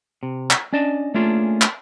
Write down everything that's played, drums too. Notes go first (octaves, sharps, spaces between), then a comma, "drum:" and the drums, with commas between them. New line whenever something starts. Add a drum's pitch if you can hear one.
C3
drum: clap
C#4 D4 D5 D#5 A5
A3 A#3 C#4 D4 F4 G#4
drum: clap